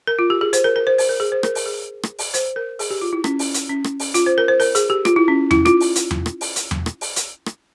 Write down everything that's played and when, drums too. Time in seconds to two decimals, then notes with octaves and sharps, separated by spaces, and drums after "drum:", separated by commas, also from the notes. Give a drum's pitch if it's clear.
0.07 A#4
0.19 F4
0.30 G4
0.41 G#4
0.53 C5, drum: hi-hat
0.64 A#4
0.76 A#4
0.87 C5
0.98 C5, drum: open hi-hat
1.09 A#4
1.20 G#4
1.32 C5
1.43 A#4, drum: rim click
1.55 A#4, drum: open hi-hat
1.66 G#4
2.03 drum: rim click
2.19 drum: open hi-hat
2.34 C5, drum: hi-hat
2.56 A#4
2.79 G#4, drum: open hi-hat
2.91 G4
3.01 F4
3.13 E4
3.24 C#4, drum: rim click
3.39 drum: open hi-hat
3.54 drum: hi-hat
3.69 C#4
3.84 drum: rim click
3.99 drum: open hi-hat
4.14 F4, drum: hi-hat
4.26 C5
4.38 A#4
4.48 C5
4.60 A#4, drum: open hi-hat
4.75 G#4, drum: hi-hat
4.90 G4
5.05 F4, drum: rim click
5.16 E4
5.28 C#4
5.51 E4, drum: tom E2
5.66 F4, drum: rim click
5.80 drum: open hi-hat
5.96 drum: hi-hat
6.11 drum: tom E2
6.26 drum: rim click
6.41 drum: open hi-hat
6.56 drum: hi-hat
6.71 drum: tom E2
6.86 drum: rim click
7.01 drum: open hi-hat
7.16 drum: hi-hat
7.46 drum: rim click